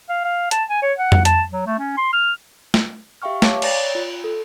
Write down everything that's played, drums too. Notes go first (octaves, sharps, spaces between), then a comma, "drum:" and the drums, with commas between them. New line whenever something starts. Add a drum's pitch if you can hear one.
F5
F5
A5, drum: hi-hat
G#5
C#5
F#5
drum: tom F2
A5, drum: hi-hat
F#3
A3
C#4
C6
F6
drum: snare
G4 E5 F5 G5 C#6 F6
C#5 F5 A5 D6, drum: snare
C#5 D5 A6 A#6, drum: cymbal
F4
A4